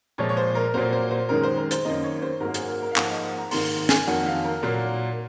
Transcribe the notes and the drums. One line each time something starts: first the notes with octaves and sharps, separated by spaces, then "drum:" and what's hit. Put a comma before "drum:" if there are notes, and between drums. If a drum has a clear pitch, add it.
A#2 F3 G#3 C#5
C#5
C5
A#4
A#2 F#3 A#3 C5
C5
C5
F#2 D#3 G#3 A#4
C5
A#4
C5, drum: hi-hat
F#2 D#3 A#3 D#5
C#5
C5
G#2 F#3 A#3 A#4
G#4, drum: hi-hat
A#4
A#4
F5
G#2 F3 A#3 F#5, drum: clap
D#5
F#5
A#5
G#2 D#3 A#3 C6, drum: open hi-hat
G#5, drum: snare
F2 D#3 F#3 A#3 F#5
F5
A#4
A#2 F#3 A#3